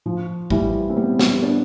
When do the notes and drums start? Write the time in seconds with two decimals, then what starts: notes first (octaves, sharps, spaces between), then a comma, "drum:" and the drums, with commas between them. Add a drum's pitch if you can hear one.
0.06 F3
0.50 E3 G3, drum: kick A1
0.90 C4
0.97 G3 B3
1.19 drum: snare
1.42 B3 D4